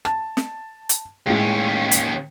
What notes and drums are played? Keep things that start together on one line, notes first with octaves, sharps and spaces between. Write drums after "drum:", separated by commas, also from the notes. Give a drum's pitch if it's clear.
A5, drum: rim click
drum: snare
drum: hi-hat
D#2 A2 G#3 C#4
drum: hi-hat